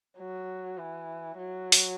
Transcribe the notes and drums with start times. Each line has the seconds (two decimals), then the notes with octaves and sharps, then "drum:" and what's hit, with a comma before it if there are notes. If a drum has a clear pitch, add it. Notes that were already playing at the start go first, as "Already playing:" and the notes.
0.18 F#3
0.78 E3
1.37 F#3
1.72 drum: open hi-hat